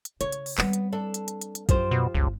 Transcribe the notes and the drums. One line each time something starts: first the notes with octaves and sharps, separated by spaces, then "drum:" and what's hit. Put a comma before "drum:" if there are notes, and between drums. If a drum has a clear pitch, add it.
drum: hi-hat
C#3 C#5, drum: hi-hat
drum: hi-hat
drum: open hi-hat
G3 B3 C4, drum: clap
drum: hi-hat
D4 A4
drum: hi-hat
drum: hi-hat
drum: hi-hat
drum: hi-hat
F#2 F3 G4 C5, drum: kick, hi-hat
B2
G1 C#2